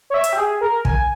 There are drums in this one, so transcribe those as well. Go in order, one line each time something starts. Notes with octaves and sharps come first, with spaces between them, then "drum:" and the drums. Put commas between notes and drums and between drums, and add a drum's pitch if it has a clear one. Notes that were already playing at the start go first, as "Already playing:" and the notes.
C#5
E5
drum: hi-hat
G4
G#4
A#4
G#5, drum: kick